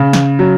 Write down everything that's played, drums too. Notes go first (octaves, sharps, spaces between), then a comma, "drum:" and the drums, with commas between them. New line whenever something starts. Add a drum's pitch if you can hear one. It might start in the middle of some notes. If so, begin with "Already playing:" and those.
Already playing: C#3
drum: snare
F#3